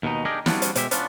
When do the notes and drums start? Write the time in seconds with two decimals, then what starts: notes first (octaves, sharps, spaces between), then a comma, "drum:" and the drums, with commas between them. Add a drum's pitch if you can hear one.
0.03 D#2 B2 D#4
0.25 D4 D#4 G4 G#4 A#4 D#5
0.46 G3 C4 D4 F4 F#4 G#4, drum: snare
0.62 drum: hi-hat
0.75 B2 G#3 G4 E5, drum: hi-hat
0.91 B3 C#4 D4 F4, drum: hi-hat